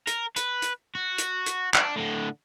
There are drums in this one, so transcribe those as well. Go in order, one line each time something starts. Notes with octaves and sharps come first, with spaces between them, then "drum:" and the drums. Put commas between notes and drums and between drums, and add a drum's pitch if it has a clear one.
A#4, drum: hi-hat
B4, drum: hi-hat
drum: hi-hat
F#4
drum: hi-hat
drum: hi-hat
D4, drum: clap
A2 D3